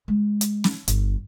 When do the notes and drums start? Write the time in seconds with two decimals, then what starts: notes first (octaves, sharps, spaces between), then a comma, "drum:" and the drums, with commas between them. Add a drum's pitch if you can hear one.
0.08 G#3
0.41 drum: hi-hat
0.64 drum: snare
0.88 G1, drum: hi-hat